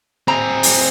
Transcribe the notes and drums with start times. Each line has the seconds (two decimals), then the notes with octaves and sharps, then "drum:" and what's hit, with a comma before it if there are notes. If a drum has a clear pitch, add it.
0.28 C4 G#4 A#5
0.63 drum: open hi-hat